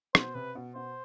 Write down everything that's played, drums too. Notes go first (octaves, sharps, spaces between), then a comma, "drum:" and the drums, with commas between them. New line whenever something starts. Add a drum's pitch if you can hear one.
B2 C5, drum: rim click
C3 B4
B2
B2 C5